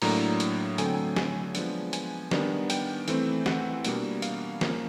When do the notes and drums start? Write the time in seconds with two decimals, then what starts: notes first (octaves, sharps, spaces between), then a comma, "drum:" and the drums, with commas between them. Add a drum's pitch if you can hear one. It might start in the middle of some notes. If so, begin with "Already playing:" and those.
0.02 A2 F#3 A#3 D4 A#5, drum: open hi-hat
0.40 drum: hi-hat
0.78 D3 F#3 A3 C4 G#5, drum: hi-hat
0.86 G5
0.95 G#5
1.16 G#5, drum: snare
1.55 F3 G#3 B3 D4, drum: hi-hat
1.93 G#5, drum: hi-hat
2.31 D#3 G3 B3 D4, drum: snare
2.70 G5, drum: hi-hat
3.08 E3 A3 C4, drum: hi-hat
3.46 F#5, drum: snare
3.85 B2 G3 A#3 D4, drum: hi-hat
4.22 F5, drum: hi-hat
4.61 F3 A#3 C#4, drum: snare